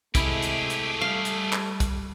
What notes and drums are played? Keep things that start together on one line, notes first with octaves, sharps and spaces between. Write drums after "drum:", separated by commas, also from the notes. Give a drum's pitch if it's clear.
C3 G#3 A3 E4 G4 G#4, drum: kick, hi-hat
drum: hi-hat
drum: hi-hat
G3 F5
drum: hi-hat
drum: clap
drum: kick, hi-hat